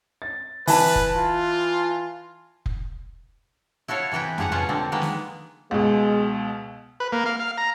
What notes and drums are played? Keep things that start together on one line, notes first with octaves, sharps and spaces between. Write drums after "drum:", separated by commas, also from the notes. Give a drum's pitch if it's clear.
A6
E3 B4 A5, drum: open hi-hat
drum: kick F1
F4
drum: kick F1
E4 F#4 A4 C#5 F5
C3 E3 B3 B4 G5
F3 G3 G#4 F#5 A#5, drum: tom F2
B2 G#3 C#4 F4 F#5 A5
D3 G3 A#3 C4
D#3 G#3 A#3 B3
drum: snare
C#2 B2 G#3
B4
A#3
F5
F5
A#5